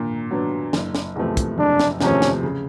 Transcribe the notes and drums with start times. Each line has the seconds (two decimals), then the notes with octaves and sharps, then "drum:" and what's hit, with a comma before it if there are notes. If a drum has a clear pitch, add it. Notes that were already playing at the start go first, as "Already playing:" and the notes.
Already playing: A#2 D4
0.31 F#3 B3 D4
0.73 F#1, drum: snare
0.95 drum: snare
1.15 E2 C3 F3 A3
1.37 drum: kick, hi-hat
1.58 F#1 D4
1.80 drum: snare
2.00 E2 C3 F3 A3 C#4, drum: snare
2.22 drum: snare
2.43 C#3